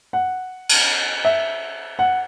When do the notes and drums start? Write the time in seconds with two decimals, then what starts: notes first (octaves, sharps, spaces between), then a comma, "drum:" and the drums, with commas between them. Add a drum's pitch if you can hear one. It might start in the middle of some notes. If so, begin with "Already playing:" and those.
0.13 F#5
0.69 drum: cymbal
1.25 E5
1.99 F#5